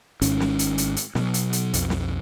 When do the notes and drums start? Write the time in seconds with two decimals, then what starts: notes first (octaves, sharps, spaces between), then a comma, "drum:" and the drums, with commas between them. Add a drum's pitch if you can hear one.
0.22 G#1 G#2 D#3 C#4, drum: hi-hat
0.40 drum: snare
0.59 drum: hi-hat
0.78 drum: hi-hat
0.96 drum: hi-hat
1.15 B2 F#3, drum: snare
1.34 drum: hi-hat
1.53 drum: hi-hat
1.73 B1 F2, drum: hi-hat
1.90 drum: snare